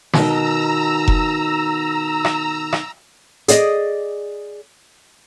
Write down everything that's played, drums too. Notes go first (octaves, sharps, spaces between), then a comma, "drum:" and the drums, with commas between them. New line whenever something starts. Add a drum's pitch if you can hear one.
B2 D#3 A#5 E6, drum: snare
drum: kick F1
drum: rim click
drum: rim click
G#4 D5 D#5, drum: hi-hat